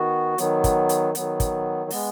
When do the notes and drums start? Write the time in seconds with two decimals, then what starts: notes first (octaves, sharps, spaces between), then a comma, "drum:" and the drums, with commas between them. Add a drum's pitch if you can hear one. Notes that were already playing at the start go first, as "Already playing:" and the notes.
Already playing: D#3 B3 F#4
0.38 D#3 F#3 B3, drum: hi-hat
0.64 drum: kick, hi-hat
0.89 drum: hi-hat
1.15 D#3 F#3 B3, drum: hi-hat
1.40 drum: kick, hi-hat
1.90 G#3 B3, drum: open hi-hat